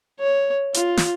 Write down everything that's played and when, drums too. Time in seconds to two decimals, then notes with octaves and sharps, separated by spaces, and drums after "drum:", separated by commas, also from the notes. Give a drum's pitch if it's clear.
0.19 C#5
0.74 F4, drum: hi-hat
0.97 drum: snare